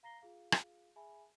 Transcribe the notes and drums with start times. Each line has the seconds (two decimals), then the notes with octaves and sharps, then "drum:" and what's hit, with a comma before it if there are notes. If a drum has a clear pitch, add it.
0.03 F5 A#5 A#6 C7 G7
0.22 F4 G#4 F5
0.52 drum: rim click
0.96 G#4 E5 G#5 A5 B5